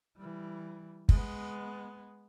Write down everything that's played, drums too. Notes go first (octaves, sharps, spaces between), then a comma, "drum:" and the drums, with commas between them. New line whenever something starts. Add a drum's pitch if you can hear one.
E3 G3
G#3 B3, drum: kick